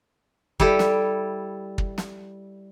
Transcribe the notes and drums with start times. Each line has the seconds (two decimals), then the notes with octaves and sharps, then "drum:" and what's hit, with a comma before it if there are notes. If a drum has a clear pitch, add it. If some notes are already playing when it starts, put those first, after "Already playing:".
0.60 G3 E4 G4 A4, drum: kick
0.79 drum: snare
1.78 drum: kick
1.98 drum: snare